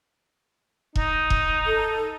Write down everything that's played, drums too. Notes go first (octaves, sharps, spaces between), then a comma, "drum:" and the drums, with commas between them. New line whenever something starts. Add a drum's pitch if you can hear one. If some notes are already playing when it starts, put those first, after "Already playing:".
D#4, drum: kick E1
drum: kick E1
A4